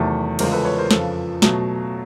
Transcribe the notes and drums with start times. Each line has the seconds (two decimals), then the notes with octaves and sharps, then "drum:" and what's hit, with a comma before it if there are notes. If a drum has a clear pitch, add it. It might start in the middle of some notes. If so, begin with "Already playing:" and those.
Already playing: E2 C3 D#3 F#3 A3
0.39 E2 C#3 F3 G#3 A#4 C5, drum: cymbal
0.52 A4 B4
0.65 B4 C#5
0.78 A#4 C5
0.91 F2 C#3 F3 A4 B4, drum: snare
1.42 B2 F#3 A3, drum: snare